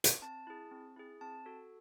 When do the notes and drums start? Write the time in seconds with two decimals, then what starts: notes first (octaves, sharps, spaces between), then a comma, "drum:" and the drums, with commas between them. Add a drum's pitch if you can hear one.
0.04 drum: hi-hat
0.22 C4 A5
0.47 E4 G#4
0.71 C4
0.96 E4 G#4
1.21 C4 A5
1.46 F#4 A4